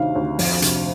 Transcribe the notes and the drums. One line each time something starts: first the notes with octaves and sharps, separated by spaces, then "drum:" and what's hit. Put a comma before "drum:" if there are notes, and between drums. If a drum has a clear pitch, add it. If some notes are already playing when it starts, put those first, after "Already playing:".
Already playing: D2 C3 D#3 F5
D2
F2, drum: open hi-hat
C3, drum: hi-hat